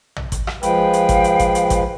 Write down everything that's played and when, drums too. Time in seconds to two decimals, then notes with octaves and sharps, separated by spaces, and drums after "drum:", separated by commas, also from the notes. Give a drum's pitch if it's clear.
0.16 drum: tom A#1
0.32 drum: kick, hi-hat
0.47 drum: rim click
0.63 F3 G#3 B4 F5 G5, drum: hi-hat
0.93 drum: hi-hat
1.09 drum: kick, hi-hat
1.24 drum: hi-hat
1.40 drum: kick, hi-hat
1.55 drum: hi-hat
1.70 drum: kick, hi-hat